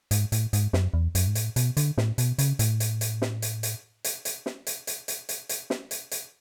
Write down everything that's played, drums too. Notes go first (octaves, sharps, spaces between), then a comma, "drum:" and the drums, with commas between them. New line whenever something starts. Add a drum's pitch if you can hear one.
G#2, drum: hi-hat
A2, drum: hi-hat
G#2, drum: hi-hat
F#2, drum: snare
E2
F#2, drum: hi-hat
G#2
A2, drum: hi-hat
B2, drum: hi-hat
D3, drum: hi-hat
A2, drum: snare
B2, drum: hi-hat
C#3, drum: hi-hat
A2, drum: hi-hat
drum: hi-hat
drum: hi-hat
drum: snare
drum: hi-hat
drum: hi-hat
drum: hi-hat
drum: hi-hat
drum: snare
drum: hi-hat
drum: hi-hat
drum: hi-hat
drum: hi-hat
drum: hi-hat
drum: snare
drum: hi-hat
drum: hi-hat